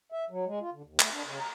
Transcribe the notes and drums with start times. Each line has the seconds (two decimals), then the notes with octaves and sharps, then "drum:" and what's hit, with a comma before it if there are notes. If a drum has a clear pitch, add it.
0.12 E5
0.30 F#3
0.46 G#3
0.60 F4
0.73 D3
0.84 D#2
1.00 A3, drum: clap
1.12 D4
1.25 C#3
1.40 A#5